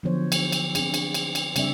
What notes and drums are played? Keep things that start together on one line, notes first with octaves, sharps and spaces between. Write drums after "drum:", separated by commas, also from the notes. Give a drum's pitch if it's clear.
D3 F3 F#3 B3 C5 C#5
drum: cymbal
drum: cymbal
C4 D4 G#4, drum: cymbal
drum: cymbal
drum: cymbal
drum: cymbal
C#3 G3 C4 D4 D5 E5, drum: cymbal